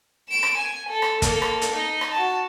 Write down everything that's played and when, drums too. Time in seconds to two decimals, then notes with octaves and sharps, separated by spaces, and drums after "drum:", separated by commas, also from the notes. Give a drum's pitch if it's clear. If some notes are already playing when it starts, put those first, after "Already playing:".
0.29 D7 E7
0.43 drum: rim click
0.58 G#5
0.89 A4
1.02 drum: rim click
1.22 A#3 A4, drum: kick, hi-hat
1.42 drum: rim click
1.62 drum: hi-hat
1.73 D#4
2.01 drum: rim click
2.12 F#4 A5